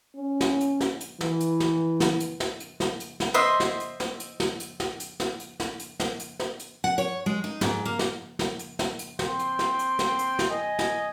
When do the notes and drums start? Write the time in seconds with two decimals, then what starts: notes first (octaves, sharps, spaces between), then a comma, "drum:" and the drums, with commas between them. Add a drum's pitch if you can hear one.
0.15 C#4
0.41 drum: snare
0.61 drum: hi-hat
0.80 drum: snare
1.00 drum: hi-hat
1.21 E3, drum: snare
1.40 drum: hi-hat
1.60 drum: snare
2.00 drum: snare
2.20 drum: hi-hat
2.40 drum: snare
2.60 drum: hi-hat
2.80 drum: snare
3.00 drum: hi-hat
3.20 drum: snare
3.34 C5 D#5 E5 C6
3.60 drum: snare
3.80 drum: hi-hat
4.00 drum: snare
4.20 drum: hi-hat
4.40 drum: snare
4.60 drum: hi-hat
4.80 drum: snare
5.00 drum: hi-hat
5.20 drum: snare
5.40 drum: hi-hat
5.60 drum: snare
5.80 drum: hi-hat
6.00 drum: snare
6.20 drum: hi-hat
6.40 drum: snare
6.59 drum: hi-hat
6.84 F#5
6.98 C#5, drum: hi-hat
7.26 G#3
7.44 D#4
7.61 G#2, drum: snare
7.85 A#3
7.99 drum: snare
8.39 drum: snare
8.59 drum: hi-hat
8.79 drum: snare
8.99 drum: hi-hat
9.19 C4 G5 C6, drum: snare
9.39 drum: hi-hat
9.59 drum: snare
9.79 drum: hi-hat
9.99 drum: snare
10.19 drum: hi-hat
10.39 drum: snare
10.50 D#5 G#5
10.79 drum: snare